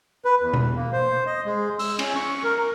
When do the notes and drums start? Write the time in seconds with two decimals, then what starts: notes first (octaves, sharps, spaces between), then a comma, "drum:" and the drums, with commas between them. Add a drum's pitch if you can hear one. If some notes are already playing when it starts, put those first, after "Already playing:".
0.25 B4
0.42 E2
0.54 drum: tom B2
0.76 A#3
0.92 C5
1.26 D#5
1.46 G#3
1.79 E6, drum: open hi-hat
1.99 C#4, drum: cymbal
2.16 C#6
2.43 A#4
2.57 A#4